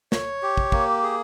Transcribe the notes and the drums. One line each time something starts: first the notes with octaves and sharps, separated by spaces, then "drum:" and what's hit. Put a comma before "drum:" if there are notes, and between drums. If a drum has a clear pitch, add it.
C#5, drum: snare
G4
drum: kick
A#3, drum: kick
G#4